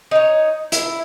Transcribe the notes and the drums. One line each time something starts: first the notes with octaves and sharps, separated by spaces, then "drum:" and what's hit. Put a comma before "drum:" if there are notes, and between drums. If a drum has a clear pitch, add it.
D#4 C#5
E4, drum: hi-hat